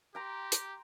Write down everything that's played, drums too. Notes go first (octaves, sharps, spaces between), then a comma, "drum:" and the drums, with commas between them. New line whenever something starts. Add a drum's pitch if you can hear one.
G4 G5 A#5 C6
drum: hi-hat